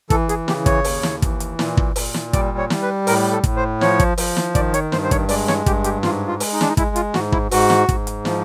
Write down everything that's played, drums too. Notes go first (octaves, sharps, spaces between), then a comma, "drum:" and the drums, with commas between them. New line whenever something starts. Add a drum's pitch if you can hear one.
E3 A4, drum: kick, hi-hat
G#4, drum: hi-hat
C#3 G4, drum: snare
C#5, drum: kick, hi-hat
D#2, drum: open hi-hat
drum: snare
E3, drum: kick, hi-hat
drum: hi-hat
A#2, drum: snare
drum: kick
A#2, drum: open hi-hat
drum: snare
G3 D5, drum: kick, hi-hat
C#5
G3, drum: snare
B4
A2 A#4, drum: open hi-hat
A4
A2, drum: kick, hi-hat
C5
F3 C#5, drum: snare
drum: kick, hi-hat
F3, drum: open hi-hat
drum: snare
D#3 D5, drum: kick, hi-hat
C#5, drum: hi-hat
G2 C5, drum: snare
C5
C#5, drum: kick, hi-hat
G#3 D5, drum: open hi-hat
C#5, drum: snare
G2 G4, drum: kick, hi-hat
G4, drum: hi-hat
G#2 F4, drum: snare
F4
G#3, drum: open hi-hat
D#4
D4, drum: snare
D#4
G#3 E4, drum: kick, hi-hat
F4, drum: hi-hat
G#2 F#4, drum: snare
E4, drum: kick
G#2 F#4, drum: open hi-hat
drum: snare
G#2, drum: kick, hi-hat
drum: hi-hat
F3, drum: snare